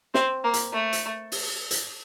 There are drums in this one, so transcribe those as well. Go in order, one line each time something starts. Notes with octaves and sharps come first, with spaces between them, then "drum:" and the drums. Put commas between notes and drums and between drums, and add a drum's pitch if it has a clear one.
C4, drum: snare
A#3
drum: hi-hat
A3
drum: hi-hat
drum: open hi-hat
drum: hi-hat